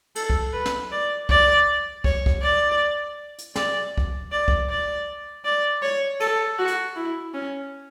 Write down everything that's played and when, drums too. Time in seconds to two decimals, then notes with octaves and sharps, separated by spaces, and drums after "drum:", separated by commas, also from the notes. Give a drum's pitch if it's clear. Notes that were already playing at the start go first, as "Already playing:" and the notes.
0.15 A4, drum: cymbal
0.30 drum: kick
0.53 B4
0.66 drum: snare
0.92 D5
1.29 D5, drum: kick
2.04 C#5, drum: kick
2.26 drum: kick
2.42 D5
3.38 drum: hi-hat
3.56 D5, drum: snare
3.98 drum: kick
4.32 D5
4.48 drum: kick
4.69 D5
5.45 D5
5.82 C#5
6.20 A4, drum: cymbal
6.58 F#4
6.68 drum: hi-hat
6.96 E4
7.34 C#4